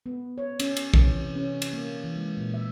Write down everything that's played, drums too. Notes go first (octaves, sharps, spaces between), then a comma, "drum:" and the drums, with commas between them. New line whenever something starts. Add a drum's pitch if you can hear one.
B3
C#5
C#4, drum: cymbal
drum: cymbal
E3, drum: kick
C3
C#4
drum: cymbal
A#3
E3
G#3
A#2
E5